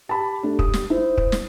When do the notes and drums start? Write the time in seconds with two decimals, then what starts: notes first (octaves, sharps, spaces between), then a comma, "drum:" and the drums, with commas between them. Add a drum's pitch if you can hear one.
0.09 G4 A5 B5
0.43 A3 D4
0.59 D#6, drum: kick
0.74 drum: snare
0.90 E4 C5
1.18 drum: kick
1.32 drum: snare